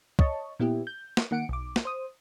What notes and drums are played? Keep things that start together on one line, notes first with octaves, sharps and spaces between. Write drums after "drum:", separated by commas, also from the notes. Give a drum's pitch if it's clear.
C#5 D#5 A5 C#6, drum: kick
A#2 B3 E4 G4
G6
drum: snare
D#3 A#3 F#5 C#7 D7
B1 D6
drum: snare
C5 D#6